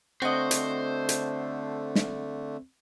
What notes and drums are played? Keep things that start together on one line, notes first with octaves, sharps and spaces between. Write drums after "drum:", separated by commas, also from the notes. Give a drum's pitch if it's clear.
D3 A3 C4 F#4 C5 D#5
drum: hi-hat
drum: hi-hat
drum: snare